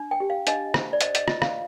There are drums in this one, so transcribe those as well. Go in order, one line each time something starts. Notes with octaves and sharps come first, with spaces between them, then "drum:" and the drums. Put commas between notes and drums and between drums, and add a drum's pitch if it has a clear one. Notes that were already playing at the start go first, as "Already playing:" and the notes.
Already playing: D4
G5
G4
F5
D4 D#5, drum: hi-hat
C5, drum: rim click
D5
C5 D#5, drum: hi-hat
D#5, drum: hi-hat
F4 D#5, drum: rim click
F5, drum: rim click